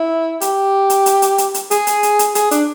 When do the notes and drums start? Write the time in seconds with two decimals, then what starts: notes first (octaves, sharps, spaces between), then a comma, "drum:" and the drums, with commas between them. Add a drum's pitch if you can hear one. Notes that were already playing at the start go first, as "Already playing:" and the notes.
Already playing: E4
0.41 G4, drum: hi-hat
0.90 drum: hi-hat
1.06 drum: hi-hat
1.22 drum: hi-hat
1.38 drum: hi-hat
1.54 drum: hi-hat
1.71 G#4, drum: hi-hat
1.87 drum: hi-hat
2.03 drum: hi-hat
2.19 drum: hi-hat
2.35 G#4, drum: hi-hat
2.51 D4, drum: hi-hat